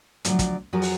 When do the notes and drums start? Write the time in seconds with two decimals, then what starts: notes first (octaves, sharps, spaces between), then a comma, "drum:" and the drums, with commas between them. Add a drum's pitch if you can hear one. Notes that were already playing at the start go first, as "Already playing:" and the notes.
0.25 D2 B2 F3 F#3 D5, drum: hi-hat
0.39 drum: kick, hi-hat
0.73 F2 F3 F#3 F#4 G#4 A#4
0.82 drum: open hi-hat